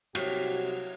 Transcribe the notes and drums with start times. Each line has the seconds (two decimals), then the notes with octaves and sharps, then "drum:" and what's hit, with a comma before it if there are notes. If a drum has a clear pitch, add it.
0.15 C2 C3 F#3 F#4 G4, drum: cymbal